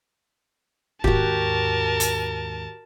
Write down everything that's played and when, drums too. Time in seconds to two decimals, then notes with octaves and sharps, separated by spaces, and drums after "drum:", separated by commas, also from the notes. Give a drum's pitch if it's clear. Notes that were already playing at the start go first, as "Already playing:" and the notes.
1.04 D#2 G#2 F#4 G4 A#4 A5, drum: kick
2.00 drum: hi-hat